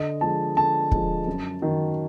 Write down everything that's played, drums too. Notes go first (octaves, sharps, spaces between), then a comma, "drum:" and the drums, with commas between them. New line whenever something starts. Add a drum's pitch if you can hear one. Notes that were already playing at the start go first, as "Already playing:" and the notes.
Already playing: D3 D#5
F3 G#3 A5
D3 A5
F3 G#3, drum: kick
F#2
D#3 F#3